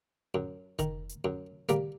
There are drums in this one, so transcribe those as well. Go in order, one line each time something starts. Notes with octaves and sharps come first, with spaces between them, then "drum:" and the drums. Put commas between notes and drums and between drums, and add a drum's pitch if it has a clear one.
F#2
D#3, drum: kick F1, hi-hat
drum: hi-hat
F#2
G3 A#3, drum: hi-hat